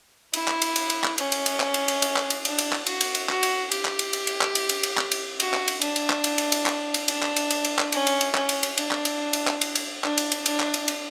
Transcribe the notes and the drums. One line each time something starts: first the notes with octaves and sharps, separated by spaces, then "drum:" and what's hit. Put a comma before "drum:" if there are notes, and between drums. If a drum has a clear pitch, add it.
E4, drum: cymbal
drum: clap
drum: cymbal
drum: cymbal
drum: cymbal
drum: clap
C#4, drum: cymbal
drum: cymbal
drum: cymbal
drum: clap
drum: cymbal
drum: cymbal
drum: cymbal
drum: clap
drum: cymbal
D4, drum: cymbal
drum: cymbal
drum: clap
F#4, drum: cymbal
drum: cymbal
drum: cymbal
F#4, drum: clap
drum: cymbal
G4, drum: cymbal
drum: clap
drum: cymbal
drum: cymbal
drum: cymbal
drum: clap
drum: cymbal
drum: cymbal
drum: cymbal
drum: clap
drum: cymbal
F#4, drum: cymbal
drum: clap
drum: cymbal
D4, drum: cymbal
drum: cymbal
drum: clap
drum: cymbal
drum: cymbal
drum: cymbal
drum: clap
drum: cymbal
D4, drum: cymbal
drum: clap
drum: cymbal
drum: cymbal
drum: cymbal
drum: clap
C#4, drum: cymbal
drum: cymbal
drum: cymbal
C#4, drum: clap
drum: cymbal
drum: cymbal
D4, drum: cymbal
drum: clap
drum: cymbal
drum: cymbal
drum: clap
drum: cymbal
drum: cymbal
D4, drum: clap
drum: cymbal
drum: cymbal
D4, drum: cymbal
drum: clap
drum: cymbal
drum: cymbal